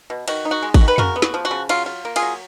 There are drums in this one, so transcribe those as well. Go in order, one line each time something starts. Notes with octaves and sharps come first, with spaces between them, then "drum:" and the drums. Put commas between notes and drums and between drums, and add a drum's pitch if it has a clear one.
B2
D#3 F#4, drum: cymbal
D#4
F#4
G#3
F#4, drum: kick G#1, cymbal
D#3
B4
C#3 F#4 A#4, drum: tom F2
B3
F#4, drum: snare
F3
F#4
C#3
F#3 F4, drum: cymbal
F4
A#3
F4 G#4, drum: cymbal
F#3